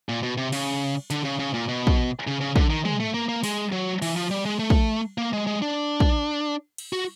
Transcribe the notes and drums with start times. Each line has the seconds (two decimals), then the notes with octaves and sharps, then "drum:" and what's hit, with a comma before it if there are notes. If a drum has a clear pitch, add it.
0.09 A#2
0.23 B2
0.37 C3
0.52 C#3, drum: cymbal
1.10 D3, drum: hi-hat
1.25 C#3
1.39 C#3
1.54 A#2
1.69 B2
1.87 drum: kick
2.27 C#3
2.41 C#3
2.56 D3, drum: kick
2.70 D#3
2.85 G#3, drum: tom
3.00 A3
3.14 A#3
3.29 A#3
3.44 G#3, drum: open hi-hat
3.72 F#3
4.02 E3, drum: cymbal
4.16 F3
4.31 G3
4.46 G#3
4.59 A3
4.70 drum: kick
5.18 A#3
5.33 G#3
5.47 G#3
5.62 D4
6.00 drum: kick
6.78 drum: cymbal
6.93 F#4